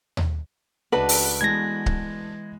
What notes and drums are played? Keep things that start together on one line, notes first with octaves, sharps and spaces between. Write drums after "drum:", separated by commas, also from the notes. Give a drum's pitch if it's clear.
drum: tom D#2
C#2 A3 D4 F#4 B4 F#7
drum: open hi-hat
E3 G#3 B3 G#6 A#6
drum: kick C#1